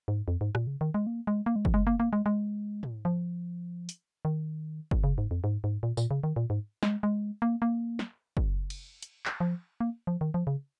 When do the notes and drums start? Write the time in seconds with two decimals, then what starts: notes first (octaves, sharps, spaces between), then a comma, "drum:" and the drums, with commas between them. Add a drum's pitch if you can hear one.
0.08 G#2
0.28 F2
0.41 G#2
0.55 A#2, drum: rim click
0.67 C#3
0.81 D#3
0.94 G#3
1.07 A#3
1.27 G#3
1.46 A#3
1.56 G#3
1.65 F3, drum: kick
1.74 G#3
1.87 A#3
2.00 A#3
2.13 G#3
2.26 G#3
2.83 drum: tom
3.05 F3
3.89 drum: hi-hat
4.25 D#3
4.91 drum: kick
5.04 C#3
5.18 G#2
5.31 F2
5.44 G#2
5.64 G#2
5.83 A#2
5.97 A#2, drum: tambourine
6.11 C#3
6.23 D#3
6.36 A#2
6.50 G#2
6.83 G#3, drum: snare
7.03 G#3
7.42 A#3
7.62 A#3
7.99 drum: snare
8.37 drum: kick
8.70 drum: cymbal
9.02 drum: hi-hat
9.25 drum: clap
9.40 F3
9.80 A#3
10.07 F3
10.21 D#3
10.34 F3
10.47 C#3